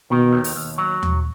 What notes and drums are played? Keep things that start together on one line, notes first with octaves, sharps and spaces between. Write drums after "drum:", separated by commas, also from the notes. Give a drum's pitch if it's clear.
B2 D#3
D#2
drum: open hi-hat
D#2
F#3
drum: tom D#2